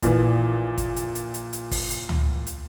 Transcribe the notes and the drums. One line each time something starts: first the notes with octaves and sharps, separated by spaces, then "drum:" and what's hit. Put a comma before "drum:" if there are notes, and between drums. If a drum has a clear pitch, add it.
A#1 A#2 E3, drum: kick, hi-hat
drum: kick, hi-hat
drum: hi-hat
drum: hi-hat
drum: hi-hat
drum: hi-hat
drum: kick, open hi-hat
drum: hi-hat
drum: tom C#2
drum: hi-hat